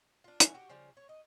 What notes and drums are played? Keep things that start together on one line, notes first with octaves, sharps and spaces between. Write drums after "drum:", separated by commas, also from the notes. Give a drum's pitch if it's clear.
D4 F4
F#4 E5 G#5, drum: hi-hat
F#4 G4
C#3 F3 G3
C#5
D#5